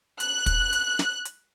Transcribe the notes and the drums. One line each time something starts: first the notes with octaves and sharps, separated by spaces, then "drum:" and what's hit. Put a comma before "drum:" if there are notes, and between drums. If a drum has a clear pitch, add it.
F#6, drum: hi-hat
drum: kick, hi-hat
drum: hi-hat
drum: snare
drum: hi-hat